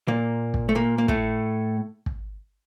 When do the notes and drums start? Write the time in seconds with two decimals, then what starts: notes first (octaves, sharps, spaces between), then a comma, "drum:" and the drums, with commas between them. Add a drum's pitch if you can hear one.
0.08 A#2 A#3
0.54 drum: kick
0.69 A3
0.75 A#2 A#3
0.98 A#3
1.08 A2 A3, drum: kick
2.06 drum: kick